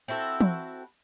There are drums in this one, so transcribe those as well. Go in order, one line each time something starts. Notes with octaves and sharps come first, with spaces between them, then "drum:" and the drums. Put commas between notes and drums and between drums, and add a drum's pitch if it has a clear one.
C4 E4 F#4 A4
drum: tom